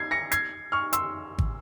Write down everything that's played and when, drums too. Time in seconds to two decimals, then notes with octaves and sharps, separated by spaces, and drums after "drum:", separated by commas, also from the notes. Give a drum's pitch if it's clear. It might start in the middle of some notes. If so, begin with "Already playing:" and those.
Already playing: G#6 C7
0.11 A#6 C#7
0.32 G#6 C7, drum: hi-hat
0.72 C#6 F6
0.93 C6 E6, drum: hi-hat
1.38 drum: kick